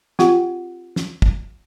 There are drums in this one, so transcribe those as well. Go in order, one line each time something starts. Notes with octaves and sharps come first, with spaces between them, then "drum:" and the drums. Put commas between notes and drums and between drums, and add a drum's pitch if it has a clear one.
C4 F4 G4 F#5, drum: snare
drum: snare
drum: kick